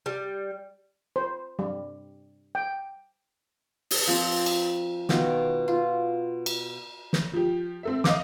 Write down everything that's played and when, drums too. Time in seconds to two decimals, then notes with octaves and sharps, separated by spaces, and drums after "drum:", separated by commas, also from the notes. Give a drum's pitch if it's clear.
0.06 G3
1.16 C5
1.59 G3
2.55 G5
3.91 drum: open hi-hat
4.07 F3 C4
4.46 drum: cymbal
5.09 B2 D#3 F4, drum: snare
5.68 F4
6.46 drum: cymbal
7.13 drum: snare
7.33 F3 G4
7.83 C4 A4 E5
8.04 D#5 F5 D6, drum: snare